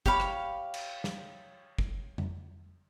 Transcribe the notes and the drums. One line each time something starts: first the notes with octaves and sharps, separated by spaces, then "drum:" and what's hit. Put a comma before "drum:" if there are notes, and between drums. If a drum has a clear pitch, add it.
G4 C#5 F5 B5, drum: kick
drum: rim click
drum: cymbal
drum: snare
drum: kick
drum: tom F2